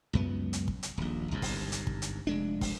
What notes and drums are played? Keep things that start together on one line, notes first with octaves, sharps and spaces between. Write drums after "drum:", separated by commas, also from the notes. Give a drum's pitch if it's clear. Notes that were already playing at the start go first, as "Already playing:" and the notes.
C#2 F#2 B3
drum: hi-hat
drum: kick
drum: hi-hat
D#1 A#1
G1 C2 G#2
drum: kick, open hi-hat
drum: hi-hat
drum: kick
drum: hi-hat
F1 G#3 D4
drum: kick, open hi-hat